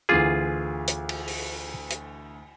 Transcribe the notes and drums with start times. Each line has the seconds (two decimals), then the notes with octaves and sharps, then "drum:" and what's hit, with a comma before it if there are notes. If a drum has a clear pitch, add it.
0.09 D2 E3 F4 G#4 D6
0.88 drum: hi-hat
1.09 drum: cymbal
1.28 drum: open hi-hat
1.90 drum: hi-hat